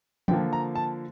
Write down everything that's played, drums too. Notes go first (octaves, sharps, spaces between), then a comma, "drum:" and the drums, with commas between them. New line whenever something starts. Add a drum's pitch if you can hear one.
D3 F3 A#3 G5, drum: tom E3
A#5
A5